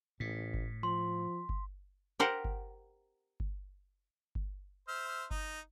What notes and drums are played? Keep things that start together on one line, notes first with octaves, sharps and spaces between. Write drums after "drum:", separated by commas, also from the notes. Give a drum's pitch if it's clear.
A1 A2 B6
drum: kick G1
F3 C6
drum: kick G1
G4 A#4 C5 F#5
drum: kick G1
drum: kick G1
drum: kick G1
C5 E5 F6
D#4, drum: kick G1